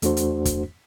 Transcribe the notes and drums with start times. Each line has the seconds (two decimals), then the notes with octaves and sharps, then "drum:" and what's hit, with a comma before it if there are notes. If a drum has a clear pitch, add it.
0.02 E2 A3 D4 F#4 C5, drum: hi-hat
0.17 drum: hi-hat
0.45 drum: kick, hi-hat